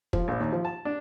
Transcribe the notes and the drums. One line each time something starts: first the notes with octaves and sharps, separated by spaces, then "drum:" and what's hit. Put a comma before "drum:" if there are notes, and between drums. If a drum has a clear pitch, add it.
F3, drum: kick
A#1
D#2
F3
A5
D4